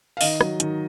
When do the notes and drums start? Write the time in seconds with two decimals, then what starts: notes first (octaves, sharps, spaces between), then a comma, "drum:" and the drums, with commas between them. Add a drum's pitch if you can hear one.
0.17 F5
0.21 D#3 D#5, drum: open hi-hat
0.41 F#3, drum: rim click
0.60 D#3, drum: hi-hat